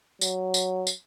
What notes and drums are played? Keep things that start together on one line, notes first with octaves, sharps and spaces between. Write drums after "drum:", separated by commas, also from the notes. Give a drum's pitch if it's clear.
F#3, drum: tambourine
drum: tambourine
drum: tambourine